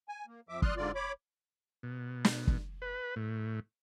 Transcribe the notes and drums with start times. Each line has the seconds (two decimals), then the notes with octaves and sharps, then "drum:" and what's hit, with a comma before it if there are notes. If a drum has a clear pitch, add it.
0.09 G#5
0.27 A#3
0.49 F2 F3 E5 D6
0.62 D5 C6 D#6 F6 F#6, drum: kick
0.77 G#2 D3 F4 D5
0.95 C#5 B5 D6
1.83 B2
2.25 drum: snare
2.47 drum: kick
2.82 B4
3.16 A2